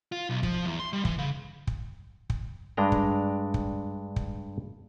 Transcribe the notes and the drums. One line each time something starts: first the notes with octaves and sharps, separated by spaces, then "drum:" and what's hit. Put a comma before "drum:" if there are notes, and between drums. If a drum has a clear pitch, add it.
F4
B1
F3, drum: kick
E2
C6
G3
E3, drum: kick
C#3
drum: kick
drum: kick
G2 G#3 D4 G5 A#5
drum: kick
drum: kick
drum: kick